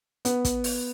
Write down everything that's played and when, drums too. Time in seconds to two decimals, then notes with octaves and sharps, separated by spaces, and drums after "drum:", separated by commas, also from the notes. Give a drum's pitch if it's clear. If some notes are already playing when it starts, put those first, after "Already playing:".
0.25 B3, drum: hi-hat
0.45 drum: kick, hi-hat
0.64 drum: open hi-hat